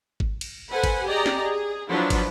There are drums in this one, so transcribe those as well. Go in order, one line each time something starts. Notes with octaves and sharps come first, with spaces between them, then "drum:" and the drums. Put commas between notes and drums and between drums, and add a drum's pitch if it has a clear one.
drum: kick
drum: cymbal
A4 B4 C5 F#5 G#5 B5
drum: kick, cymbal
G4 G#4 D5 D#5 A#5
drum: snare
G#4
F3 F#3 D4 E4 F4 B4
drum: kick, cymbal